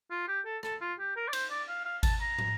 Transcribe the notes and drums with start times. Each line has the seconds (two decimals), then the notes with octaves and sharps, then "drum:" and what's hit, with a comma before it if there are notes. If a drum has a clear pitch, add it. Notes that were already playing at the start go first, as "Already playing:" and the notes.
0.11 F4
0.28 G4
0.46 A4
0.63 A4, drum: rim click
0.81 F4
0.99 G4
1.16 A#4
1.28 D5
1.33 C5, drum: cymbal
1.51 D5
1.68 F5
1.85 F5
2.03 A5, drum: kick G#1, cymbal
2.21 A#5
2.38 drum: tom